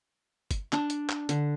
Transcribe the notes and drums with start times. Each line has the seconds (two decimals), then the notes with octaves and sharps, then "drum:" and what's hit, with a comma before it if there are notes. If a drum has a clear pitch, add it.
0.51 drum: kick, hi-hat
0.73 D4, drum: clap
0.90 drum: hi-hat
1.09 drum: clap
1.29 D3, drum: hi-hat